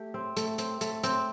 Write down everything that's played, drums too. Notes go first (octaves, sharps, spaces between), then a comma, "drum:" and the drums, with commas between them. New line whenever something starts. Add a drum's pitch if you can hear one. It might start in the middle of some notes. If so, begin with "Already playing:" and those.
Already playing: A3 G4
C4
A3, drum: hi-hat
C4, drum: hi-hat
A3, drum: hi-hat
C4, drum: hi-hat